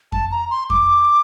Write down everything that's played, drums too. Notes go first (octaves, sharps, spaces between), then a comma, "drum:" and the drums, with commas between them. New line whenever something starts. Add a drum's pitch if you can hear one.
A5, drum: kick F2
A#5
C6
D6, drum: kick F2